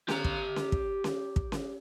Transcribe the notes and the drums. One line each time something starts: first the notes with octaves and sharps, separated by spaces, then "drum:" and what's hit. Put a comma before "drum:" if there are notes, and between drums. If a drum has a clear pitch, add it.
G4 A#5, drum: snare C#4
drum: kick
drum: snare C#4
drum: kick
drum: snare C#4
drum: kick
drum: snare C#4